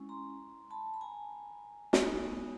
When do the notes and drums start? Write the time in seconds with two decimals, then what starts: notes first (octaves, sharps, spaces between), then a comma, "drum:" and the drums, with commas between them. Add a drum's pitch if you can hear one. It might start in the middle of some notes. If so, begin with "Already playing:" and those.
Already playing: G#3 C#4 E4
0.09 A#5 C6
0.71 A5 B5
0.94 B5
1.01 G#5 A#5
1.93 G#3 B3 D#4 F#4, drum: snare